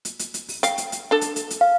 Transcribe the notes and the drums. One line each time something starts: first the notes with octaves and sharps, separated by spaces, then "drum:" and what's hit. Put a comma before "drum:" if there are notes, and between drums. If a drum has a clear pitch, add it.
drum: hi-hat
drum: hi-hat
drum: hi-hat
drum: open hi-hat
F5 G5, drum: hi-hat
drum: hi-hat
drum: hi-hat
D4 A4
drum: hi-hat
drum: hi-hat
drum: hi-hat
F5